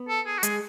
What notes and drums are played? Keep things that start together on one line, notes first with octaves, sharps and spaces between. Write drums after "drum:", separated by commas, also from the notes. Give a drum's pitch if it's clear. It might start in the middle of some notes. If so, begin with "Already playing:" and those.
Already playing: B3
A4
G#4
F#4
G#3 G#4, drum: hi-hat